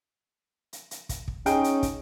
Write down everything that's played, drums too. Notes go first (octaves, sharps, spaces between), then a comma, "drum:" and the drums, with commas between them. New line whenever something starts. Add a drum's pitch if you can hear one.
drum: hi-hat
drum: hi-hat
drum: kick, hi-hat
drum: kick
C#4 D#4 G#4 G5, drum: hi-hat
drum: hi-hat
drum: kick, hi-hat